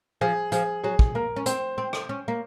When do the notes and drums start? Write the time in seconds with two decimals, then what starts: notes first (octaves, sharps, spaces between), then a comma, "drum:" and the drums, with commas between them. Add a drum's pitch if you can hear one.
0.21 F3 G#4
0.52 F3 G#4, drum: hi-hat
0.84 F#3 G#4
0.99 drum: kick
1.15 A#3 A#4
1.36 C#4
1.46 C4 C5, drum: hi-hat
1.78 C4
1.93 drum: rim click
2.09 C#4
2.28 A#3